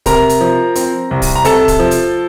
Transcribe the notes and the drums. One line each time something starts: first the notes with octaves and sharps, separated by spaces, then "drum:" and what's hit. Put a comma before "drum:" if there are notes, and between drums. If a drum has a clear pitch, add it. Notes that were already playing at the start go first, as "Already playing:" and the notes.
C3 A#4 A#5, drum: kick, hi-hat
drum: hi-hat
F3
C4, drum: hi-hat
C2
drum: kick, open hi-hat
A#5
C3 A4 A5, drum: hi-hat
drum: kick, hi-hat
F3
drum: hi-hat